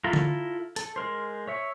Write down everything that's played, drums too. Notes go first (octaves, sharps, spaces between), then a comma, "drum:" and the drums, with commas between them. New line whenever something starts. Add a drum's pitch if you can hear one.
E4 F4 A4 A#5
drum: tom D3
A4, drum: hi-hat
G#3 A#4 C5
C#5 E5 C#6